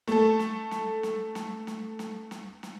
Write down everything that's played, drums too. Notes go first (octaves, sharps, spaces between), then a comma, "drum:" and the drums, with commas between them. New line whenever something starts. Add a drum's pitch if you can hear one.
A3 A4, drum: snare
drum: snare
drum: snare
drum: snare
drum: snare
drum: snare
drum: snare
drum: snare
drum: snare